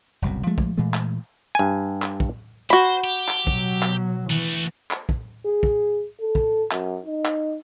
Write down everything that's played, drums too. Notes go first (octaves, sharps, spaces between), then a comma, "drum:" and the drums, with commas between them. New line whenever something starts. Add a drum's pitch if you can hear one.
F#1 C2 G2 B2
F3 G#3 A3
drum: kick
A#2 E3 G#3 A3
drum: clap
G2 G#5
drum: clap
drum: kick
F#4 C5 B5
G4
drum: clap
B2 F#3, drum: kick
drum: clap
E3 A3 F#4
drum: clap
drum: kick
G#4
drum: kick
A4
drum: kick
F#2, drum: clap
D#4
drum: clap